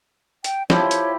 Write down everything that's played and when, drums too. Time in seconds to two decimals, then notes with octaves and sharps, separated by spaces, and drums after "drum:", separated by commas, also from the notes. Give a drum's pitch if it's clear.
0.44 G5, drum: hi-hat
0.70 F3 E4 G4 C#5, drum: snare
0.91 drum: hi-hat